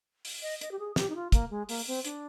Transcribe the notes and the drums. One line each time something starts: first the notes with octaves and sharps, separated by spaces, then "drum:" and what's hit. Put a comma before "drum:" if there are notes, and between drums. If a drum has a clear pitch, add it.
drum: open hi-hat
D#5
D#5, drum: hi-hat
G4
G#4
G4, drum: snare
D#4
F4
A#3, drum: kick, hi-hat
G#3
A#3, drum: open hi-hat
C4
D4, drum: hi-hat